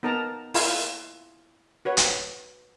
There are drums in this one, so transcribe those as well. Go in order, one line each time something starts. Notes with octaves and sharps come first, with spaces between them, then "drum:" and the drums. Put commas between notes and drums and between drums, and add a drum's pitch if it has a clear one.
B3 D#4 A#4 A5 A#5
E4 F4 E5 F5 G#5, drum: open hi-hat
F#4 B4 C#5
drum: hi-hat